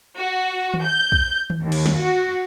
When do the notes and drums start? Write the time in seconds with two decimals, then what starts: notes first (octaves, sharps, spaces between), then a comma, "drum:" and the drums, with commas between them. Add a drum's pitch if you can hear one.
0.18 F#4
0.74 drum: tom D#3
0.84 G6
1.12 drum: kick
1.50 drum: tom D#3
1.63 D#2
1.72 drum: cymbal
1.86 drum: snare
1.98 F#4